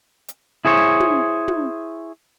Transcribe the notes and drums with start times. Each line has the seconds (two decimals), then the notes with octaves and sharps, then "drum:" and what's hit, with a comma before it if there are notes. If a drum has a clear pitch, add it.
0.28 drum: hi-hat
0.65 E4 G#4 C5 C#5
0.77 drum: snare
1.00 drum: tom
1.48 drum: tom